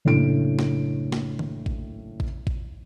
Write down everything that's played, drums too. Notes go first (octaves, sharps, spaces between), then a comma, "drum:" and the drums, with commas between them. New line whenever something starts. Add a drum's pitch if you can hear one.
F#1 A2 A3 D4 A4 D7
drum: snare
drum: snare
drum: tom D#3
drum: kick
drum: kick
drum: kick